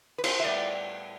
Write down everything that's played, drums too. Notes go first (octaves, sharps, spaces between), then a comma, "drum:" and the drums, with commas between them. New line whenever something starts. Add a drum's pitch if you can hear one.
B4
C5, drum: cymbal
E5
A2 G3 B3 D5